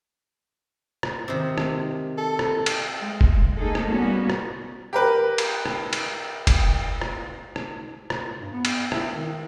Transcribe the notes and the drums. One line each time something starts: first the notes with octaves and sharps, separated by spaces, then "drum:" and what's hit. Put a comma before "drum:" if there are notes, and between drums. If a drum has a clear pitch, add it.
drum: rim click
C3 D#3
drum: rim click
A4
drum: rim click
drum: cymbal
G#3
drum: kick F1
A3 A#3 D#4 G#4 A4
drum: rim click
G3 A#3 B3 C#4 F#4
drum: rim click
G4 A#4 B4
drum: cymbal
drum: rim click
drum: cymbal
drum: kick F1, cymbal
drum: rim click
drum: rim click
drum: rim click
G2
B3
drum: cymbal
E4, drum: rim click
D#3